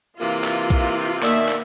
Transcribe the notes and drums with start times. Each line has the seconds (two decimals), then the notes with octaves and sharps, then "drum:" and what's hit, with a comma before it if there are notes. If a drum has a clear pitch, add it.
0.21 C3 E3 A#3 F4
0.44 drum: clap
0.70 drum: kick
1.23 B2 D#3 A#3 D5 E5, drum: clap
1.49 drum: clap